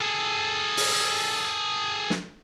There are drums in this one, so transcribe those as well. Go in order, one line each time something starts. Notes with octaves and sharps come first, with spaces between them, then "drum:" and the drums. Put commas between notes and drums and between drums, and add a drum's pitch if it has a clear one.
G#4 A4
drum: open hi-hat
drum: snare